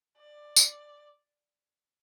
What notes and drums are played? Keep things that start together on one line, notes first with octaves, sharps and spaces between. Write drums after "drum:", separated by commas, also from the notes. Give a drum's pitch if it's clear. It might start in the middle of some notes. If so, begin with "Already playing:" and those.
D5
drum: tambourine